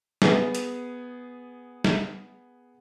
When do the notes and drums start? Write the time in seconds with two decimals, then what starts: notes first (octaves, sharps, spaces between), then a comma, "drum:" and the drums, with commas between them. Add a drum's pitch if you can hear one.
0.22 B3 G#4, drum: snare
0.55 drum: hi-hat
1.84 drum: snare